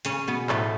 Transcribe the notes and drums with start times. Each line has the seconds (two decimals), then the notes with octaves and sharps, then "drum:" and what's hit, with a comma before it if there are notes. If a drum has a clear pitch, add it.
0.05 C#3 C#4, drum: hi-hat
0.28 B2 B3
0.49 A2 A3, drum: clap